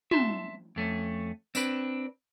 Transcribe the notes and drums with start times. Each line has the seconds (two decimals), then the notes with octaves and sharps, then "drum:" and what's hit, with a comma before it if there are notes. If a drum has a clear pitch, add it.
0.11 E5 A5 C6, drum: tom
0.76 F2 A3 C#4
1.55 C4 D4 B4, drum: tambourine